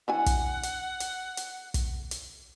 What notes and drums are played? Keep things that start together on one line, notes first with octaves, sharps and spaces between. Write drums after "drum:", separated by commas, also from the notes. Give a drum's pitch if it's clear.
E3 D4 F#5 G#5
drum: kick, hi-hat
drum: hi-hat
drum: hi-hat
drum: hi-hat
drum: kick, hi-hat
drum: hi-hat